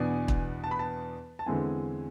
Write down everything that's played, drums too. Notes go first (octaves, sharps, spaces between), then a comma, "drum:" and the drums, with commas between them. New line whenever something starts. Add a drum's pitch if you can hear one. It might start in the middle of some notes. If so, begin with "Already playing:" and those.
Already playing: E2 B2 B3 D4 G#5
drum: kick
A5
B5
A5
A5
E2 D3 G#3 C4 E4 G#5